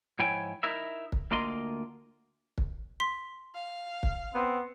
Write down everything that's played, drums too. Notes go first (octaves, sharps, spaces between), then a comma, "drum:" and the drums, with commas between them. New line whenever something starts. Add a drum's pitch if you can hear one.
G#2 F3 E4 C#5 G5 G#5
D#4 E4 A#4 E5
drum: kick
D2 A#3 F4 D#5 C6
drum: kick
C6 B6
F5
drum: kick
B3 C4